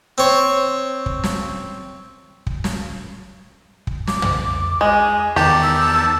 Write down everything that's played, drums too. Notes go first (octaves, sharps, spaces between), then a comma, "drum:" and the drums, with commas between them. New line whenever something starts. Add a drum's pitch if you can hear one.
C4 C#5
drum: kick
drum: snare
drum: kick
drum: snare
drum: kick
D6, drum: snare
drum: tom
G#3 G#5
E2 D#3 G4 A5
E6